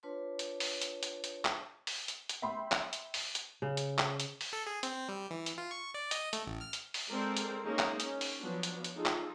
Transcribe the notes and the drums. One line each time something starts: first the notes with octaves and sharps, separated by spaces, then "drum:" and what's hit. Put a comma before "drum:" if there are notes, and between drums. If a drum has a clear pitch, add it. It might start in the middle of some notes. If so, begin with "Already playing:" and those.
D4 F4 B4 C#5 A5 C6
drum: hi-hat
drum: open hi-hat
drum: hi-hat
drum: hi-hat
drum: hi-hat
drum: clap
drum: open hi-hat
drum: hi-hat
drum: hi-hat
E5 G5 B5 C6
drum: clap
drum: hi-hat
drum: open hi-hat
drum: hi-hat
C#3
drum: hi-hat
drum: clap
drum: hi-hat
drum: open hi-hat
A4
G#4
C4, drum: hi-hat
G3
E3
drum: hi-hat
F4
C#6
D5
D#5, drum: hi-hat
A3, drum: hi-hat
A1
F6
drum: hi-hat
drum: open hi-hat
G#3 C4 A4 A#4 C5 D5
drum: hi-hat
A#3 C#4 D#4 G#4
drum: clap
C#4, drum: hi-hat
drum: open hi-hat
F3 F#3 B3 D4
drum: hi-hat
drum: hi-hat
D#4 F4 G#4 A4
drum: clap